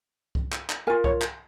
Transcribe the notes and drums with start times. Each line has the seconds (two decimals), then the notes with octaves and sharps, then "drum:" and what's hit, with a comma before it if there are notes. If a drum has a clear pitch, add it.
0.35 drum: kick C2
0.52 drum: clap
0.70 drum: clap
0.87 F4 A#4 G#5
1.04 C#5, drum: kick C2
1.22 drum: clap